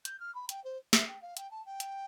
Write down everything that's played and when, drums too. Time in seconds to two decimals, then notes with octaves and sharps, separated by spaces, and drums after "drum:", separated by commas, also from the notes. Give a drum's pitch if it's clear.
0.05 G6, drum: hi-hat
0.20 F6
0.34 B5
0.49 G5, drum: hi-hat
0.64 C5
0.93 E5, drum: snare
1.07 G5
1.21 F5
1.37 G5, drum: hi-hat
1.51 A5
1.65 G5
1.80 drum: hi-hat